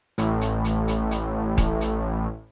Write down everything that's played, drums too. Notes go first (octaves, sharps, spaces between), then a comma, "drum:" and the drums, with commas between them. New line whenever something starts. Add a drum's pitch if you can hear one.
A1 A2, drum: hi-hat
drum: hi-hat
drum: hi-hat
drum: hi-hat
drum: hi-hat
drum: kick D#1, hi-hat
drum: hi-hat